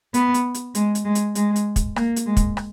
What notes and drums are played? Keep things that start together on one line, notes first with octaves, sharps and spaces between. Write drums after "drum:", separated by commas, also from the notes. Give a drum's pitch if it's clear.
B3, drum: hi-hat
drum: hi-hat
drum: hi-hat
G#3, drum: hi-hat
drum: hi-hat
G#3
drum: hi-hat
G#3, drum: hi-hat
drum: hi-hat
drum: kick, hi-hat
A#3, drum: rim click
drum: hi-hat
G#3
drum: kick, hi-hat
drum: rim click